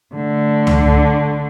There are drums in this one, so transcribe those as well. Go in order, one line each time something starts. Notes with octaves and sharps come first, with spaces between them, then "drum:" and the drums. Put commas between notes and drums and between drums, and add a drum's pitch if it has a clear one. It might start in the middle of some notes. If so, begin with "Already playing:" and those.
D3 A3
drum: tom C#2